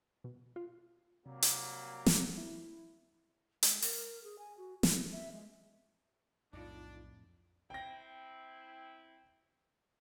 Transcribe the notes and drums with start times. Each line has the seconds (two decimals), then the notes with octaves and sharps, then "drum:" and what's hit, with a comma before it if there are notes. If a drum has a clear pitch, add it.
0.24 B2
0.56 F4
1.26 C3 F#3 G3 A#3
1.42 drum: hi-hat
2.06 drum: snare
2.38 E4
3.63 G#3, drum: hi-hat
3.82 A#4, drum: open hi-hat
4.24 G#4
4.38 G#5
4.58 F#4
4.83 E4, drum: snare
5.12 E5
5.32 G#3
6.53 B1 F2 A2 D4 D#4 F4 D5
7.70 C4 E4 G5 A#6